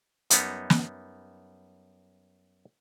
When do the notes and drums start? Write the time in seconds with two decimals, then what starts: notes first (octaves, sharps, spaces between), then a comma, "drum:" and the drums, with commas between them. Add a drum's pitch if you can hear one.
0.30 F#2 G3 B3 D#4, drum: hi-hat
0.70 drum: snare